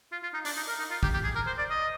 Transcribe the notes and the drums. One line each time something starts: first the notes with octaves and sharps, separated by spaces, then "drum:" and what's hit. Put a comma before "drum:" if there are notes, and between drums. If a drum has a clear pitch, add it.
F4
F4
D#4
D4, drum: open hi-hat
D#4
A#4
D#4
F4
G4, drum: kick
G4
G#4
A#4
C5
D5
D#5